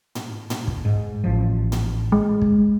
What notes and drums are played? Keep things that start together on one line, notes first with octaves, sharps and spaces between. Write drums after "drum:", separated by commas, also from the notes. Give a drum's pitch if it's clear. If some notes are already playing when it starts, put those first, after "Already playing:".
drum: tom
drum: tom
drum: kick
G#2
A1 F3
drum: tom
G#3
drum: kick